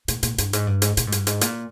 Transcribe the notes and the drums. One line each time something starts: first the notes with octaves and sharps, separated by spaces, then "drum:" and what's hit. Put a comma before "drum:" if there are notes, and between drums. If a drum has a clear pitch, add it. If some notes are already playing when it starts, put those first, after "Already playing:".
A#2, drum: hi-hat
A#2, drum: hi-hat
G2, drum: hi-hat
G#2, drum: hi-hat
G2
G#2, drum: hi-hat
A#2, drum: hi-hat
G#2
G2, drum: hi-hat
G#2, drum: hi-hat
A#2, drum: hi-hat